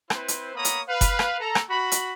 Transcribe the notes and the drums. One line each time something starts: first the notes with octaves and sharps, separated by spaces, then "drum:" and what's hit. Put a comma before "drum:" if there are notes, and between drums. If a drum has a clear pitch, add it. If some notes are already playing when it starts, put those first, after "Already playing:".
C4 E4 B4 C5, drum: rim click
drum: hi-hat
A#3 B3 C#5 A#5 B5 D#6
drum: hi-hat
B4 F5
drum: kick F#1, hi-hat
drum: rim click
A4 A#5
drum: rim click
F#4 B5
drum: hi-hat